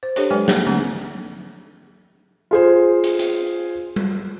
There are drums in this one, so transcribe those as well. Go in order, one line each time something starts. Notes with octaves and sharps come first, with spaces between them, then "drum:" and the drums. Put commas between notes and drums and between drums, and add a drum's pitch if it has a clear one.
C5
D4 G4 A4 C#5, drum: hi-hat
F#3 G#3 B4 D5 G5 G#5
A#3, drum: snare
D3 F#3 A3 A#3 C4 D4
F4 G#4 C5
drum: hi-hat
drum: hi-hat
drum: tom G3